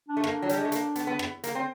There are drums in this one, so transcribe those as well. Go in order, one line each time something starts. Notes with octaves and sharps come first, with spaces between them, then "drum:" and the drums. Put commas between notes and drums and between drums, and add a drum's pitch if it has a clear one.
D4
A3
A#3 D4, drum: rim click
F#3
G3, drum: hi-hat
G#3
A3
A#3, drum: hi-hat
B3, drum: hi-hat
B3
B3, drum: rim click
A#3, drum: hi-hat
C4